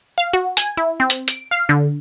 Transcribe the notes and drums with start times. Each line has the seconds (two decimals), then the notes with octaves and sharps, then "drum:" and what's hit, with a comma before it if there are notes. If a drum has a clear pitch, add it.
0.18 F5
0.34 F#4
0.57 G#5, drum: hi-hat
0.77 E4
1.00 C4
1.10 drum: hi-hat
1.28 D7, drum: hi-hat
1.51 F5
1.69 D3